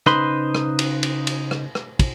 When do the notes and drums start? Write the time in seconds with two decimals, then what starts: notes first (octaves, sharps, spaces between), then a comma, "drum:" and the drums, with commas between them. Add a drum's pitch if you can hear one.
0.06 C#3 D#4 B4 C5 B5 C6, drum: rim click
0.55 drum: rim click
0.79 drum: cymbal
1.03 drum: cymbal
1.27 drum: cymbal
1.51 drum: rim click
1.75 drum: rim click
1.99 drum: kick, cymbal